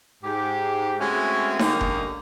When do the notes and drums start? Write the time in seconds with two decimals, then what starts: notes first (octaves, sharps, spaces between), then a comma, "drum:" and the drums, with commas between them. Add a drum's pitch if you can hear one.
0.24 G#2 G4
1.00 G#3 A3 C4 C#4 E4 F#4
1.59 D3 G3 A#3 C#4 D#4, drum: snare D#4
1.81 drum: kick F#1